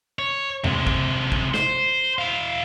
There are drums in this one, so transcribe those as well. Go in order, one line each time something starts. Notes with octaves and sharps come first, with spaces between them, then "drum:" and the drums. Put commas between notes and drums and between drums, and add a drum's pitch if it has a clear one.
C#5
C3 G#3, drum: tom E2
drum: kick
drum: kick
C5, drum: snare
E4 F5